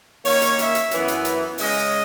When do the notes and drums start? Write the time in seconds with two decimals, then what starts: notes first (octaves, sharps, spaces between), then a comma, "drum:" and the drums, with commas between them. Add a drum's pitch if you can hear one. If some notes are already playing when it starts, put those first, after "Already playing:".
0.25 D#3 A#3 C#4 C#5, drum: open hi-hat
0.42 drum: hi-hat
0.59 E5, drum: hi-hat
0.75 drum: hi-hat
0.91 F#2 E3 B3, drum: hi-hat
1.08 drum: hi-hat
1.25 drum: hi-hat
1.58 C#3 G#3 C#4 D#5, drum: open hi-hat